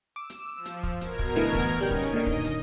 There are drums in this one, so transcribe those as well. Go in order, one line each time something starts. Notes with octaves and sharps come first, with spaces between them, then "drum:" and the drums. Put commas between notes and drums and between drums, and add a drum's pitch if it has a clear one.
D6 E6
drum: hi-hat
F3
drum: hi-hat
drum: kick
B2 A#4 G#6, drum: hi-hat
drum: kick
A2 D3 E3, drum: hi-hat
drum: kick
G3 C#4 D#4 G5
drum: kick
A#2 D3 D#3 D#5
drum: kick
drum: hi-hat